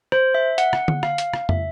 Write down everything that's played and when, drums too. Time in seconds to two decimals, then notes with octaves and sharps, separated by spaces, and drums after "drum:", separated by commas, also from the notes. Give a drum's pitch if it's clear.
0.12 C5, drum: rim click
0.34 E5
0.58 F#5, drum: hi-hat
0.73 drum: rim click
0.88 drum: tom D3
1.03 F5, drum: rim click
1.18 drum: hi-hat
1.33 drum: rim click
1.49 E5, drum: tom